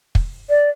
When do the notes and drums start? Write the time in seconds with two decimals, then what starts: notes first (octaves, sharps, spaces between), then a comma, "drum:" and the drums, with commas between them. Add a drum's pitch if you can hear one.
0.15 drum: kick
0.49 D5